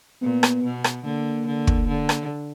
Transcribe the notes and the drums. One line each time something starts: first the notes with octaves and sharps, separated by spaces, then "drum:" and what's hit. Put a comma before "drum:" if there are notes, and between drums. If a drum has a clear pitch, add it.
A#2 B3
drum: rim click
B2
drum: rim click
D3 A#3
D3
drum: kick
D3
drum: rim click